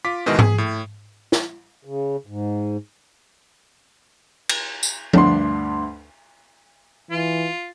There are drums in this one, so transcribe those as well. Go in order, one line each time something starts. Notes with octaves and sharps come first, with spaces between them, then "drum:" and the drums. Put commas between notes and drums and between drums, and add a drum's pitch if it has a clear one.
F4 D6 B6
G#2 B2 D#3 E3 G#3
G#4, drum: tom G#2
A2
drum: snare
C#3
G#2
drum: cymbal
drum: tambourine
D2 G2 D4 C6, drum: tom F3
E3 F4